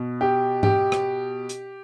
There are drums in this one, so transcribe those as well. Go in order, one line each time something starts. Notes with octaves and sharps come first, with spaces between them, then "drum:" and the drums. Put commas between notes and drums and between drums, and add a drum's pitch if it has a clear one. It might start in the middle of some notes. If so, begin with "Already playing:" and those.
Already playing: B2
G4
G4, drum: tom G#2
drum: rim click
drum: hi-hat